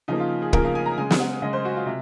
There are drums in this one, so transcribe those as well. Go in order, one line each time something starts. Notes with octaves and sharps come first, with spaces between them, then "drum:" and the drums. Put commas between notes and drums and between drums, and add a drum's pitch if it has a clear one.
C#3 F3 A#3 D#4
F4
G#4
C#3 F3 A#3 A#4, drum: kick
F5
G#5
A#5
C#3 G#3 G#5
drum: snare
F#5
C#3 G#3 D#5
C5
F#4
F4
C3